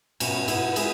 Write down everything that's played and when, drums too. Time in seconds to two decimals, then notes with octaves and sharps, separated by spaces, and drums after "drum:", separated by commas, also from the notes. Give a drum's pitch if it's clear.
0.20 B2 C#4, drum: cymbal
0.48 B2 B3 E4, drum: cymbal
0.76 G#3 E4 G#4, drum: cymbal